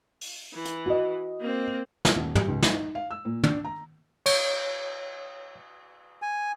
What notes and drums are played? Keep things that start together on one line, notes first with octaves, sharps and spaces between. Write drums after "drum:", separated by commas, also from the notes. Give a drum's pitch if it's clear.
drum: open hi-hat
E3
drum: hi-hat
F#4 D#5
A#3 C4
F4, drum: snare
D#1
G4, drum: tom
C#2
D#4, drum: snare
F5
E6
A#2
D4, drum: tom
A#5
C#5, drum: cymbal
G#5